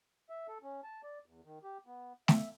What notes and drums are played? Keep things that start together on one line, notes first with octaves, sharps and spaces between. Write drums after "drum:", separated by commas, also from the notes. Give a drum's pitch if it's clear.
E5
A4
C#4
A5
D5
E2
D#3
G4
B3
E5, drum: snare A3